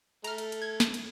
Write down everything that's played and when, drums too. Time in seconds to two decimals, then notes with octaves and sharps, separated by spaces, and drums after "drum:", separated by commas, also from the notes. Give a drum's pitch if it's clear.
0.24 A3 A#5 F6, drum: cymbal
0.38 drum: cymbal
0.52 drum: cymbal
0.62 G#6
0.80 drum: snare
0.94 drum: cymbal